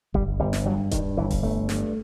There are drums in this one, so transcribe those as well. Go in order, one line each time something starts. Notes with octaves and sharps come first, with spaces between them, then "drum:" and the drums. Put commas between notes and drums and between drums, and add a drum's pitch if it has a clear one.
G1 G3, drum: kick D#1
G1 G3
drum: snare
G2 F#3
G2 D#3, drum: kick D#1, hi-hat
G1 E3
drum: kick D#1, open hi-hat
G1 A3
G2, drum: snare